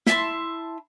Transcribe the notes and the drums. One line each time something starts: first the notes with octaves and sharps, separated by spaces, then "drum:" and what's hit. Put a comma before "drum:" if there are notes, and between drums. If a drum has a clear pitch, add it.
E4 E5 A5 C6, drum: snare